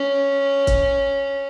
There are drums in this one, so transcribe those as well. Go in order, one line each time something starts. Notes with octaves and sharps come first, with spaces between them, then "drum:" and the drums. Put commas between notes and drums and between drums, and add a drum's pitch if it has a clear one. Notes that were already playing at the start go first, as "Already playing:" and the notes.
Already playing: C#4
drum: kick, hi-hat